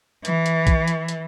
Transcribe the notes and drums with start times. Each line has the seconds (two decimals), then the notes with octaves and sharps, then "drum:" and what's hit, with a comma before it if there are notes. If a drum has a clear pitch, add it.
0.25 E3, drum: hi-hat
0.46 drum: hi-hat
0.67 drum: kick, hi-hat
0.88 drum: hi-hat
1.08 drum: hi-hat